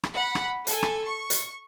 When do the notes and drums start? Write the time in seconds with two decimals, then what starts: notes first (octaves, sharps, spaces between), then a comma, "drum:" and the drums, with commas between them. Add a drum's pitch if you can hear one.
0.03 drum: rim click
0.13 F#5 B5
0.35 drum: rim click
0.67 A4 G#5, drum: hi-hat
0.83 drum: rim click
1.04 C#6
1.30 drum: hi-hat